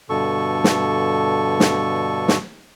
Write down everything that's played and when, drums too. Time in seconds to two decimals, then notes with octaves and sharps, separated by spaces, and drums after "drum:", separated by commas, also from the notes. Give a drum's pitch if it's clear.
0.10 G2 B2 D3 A4 C#6
0.64 drum: snare
1.60 drum: snare
2.28 drum: snare